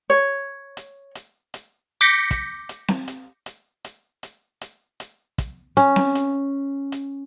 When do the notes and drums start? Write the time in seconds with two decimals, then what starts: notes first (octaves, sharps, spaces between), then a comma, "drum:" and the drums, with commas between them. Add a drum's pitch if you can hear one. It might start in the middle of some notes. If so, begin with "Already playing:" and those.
0.10 C#5
0.77 drum: hi-hat
1.15 drum: hi-hat
1.54 drum: hi-hat
2.01 D6 G6 A#6 B6 C#7
2.31 drum: kick, hi-hat
2.69 drum: hi-hat
2.88 drum: snare C4
3.08 drum: hi-hat
3.46 drum: hi-hat
3.85 drum: hi-hat
4.23 drum: hi-hat
4.61 drum: hi-hat
5.00 drum: hi-hat
5.38 drum: kick, hi-hat
5.77 C#4, drum: hi-hat
5.96 drum: snare C4
6.15 drum: hi-hat
6.92 drum: hi-hat